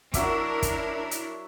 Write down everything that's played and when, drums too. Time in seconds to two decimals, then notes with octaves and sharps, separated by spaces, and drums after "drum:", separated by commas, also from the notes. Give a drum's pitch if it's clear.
0.14 F#3 D4 E4 A#4 E5 D6, drum: kick, hi-hat
0.62 drum: kick, hi-hat
1.11 drum: hi-hat